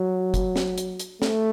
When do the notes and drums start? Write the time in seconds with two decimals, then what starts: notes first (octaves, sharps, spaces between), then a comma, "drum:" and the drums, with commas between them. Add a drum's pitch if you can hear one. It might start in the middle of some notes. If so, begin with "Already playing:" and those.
Already playing: F#3
0.34 drum: kick F#1, hi-hat
0.56 drum: snare
0.78 drum: hi-hat
1.00 drum: hi-hat
1.22 A3, drum: snare